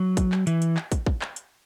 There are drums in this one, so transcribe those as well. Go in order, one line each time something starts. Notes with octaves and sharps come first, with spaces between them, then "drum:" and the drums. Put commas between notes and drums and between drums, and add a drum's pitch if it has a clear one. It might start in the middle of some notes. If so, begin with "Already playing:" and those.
Already playing: F#3
drum: kick, hi-hat
drum: clap
E3, drum: hi-hat
drum: hi-hat
drum: clap
drum: kick, hi-hat
drum: kick
drum: clap
drum: hi-hat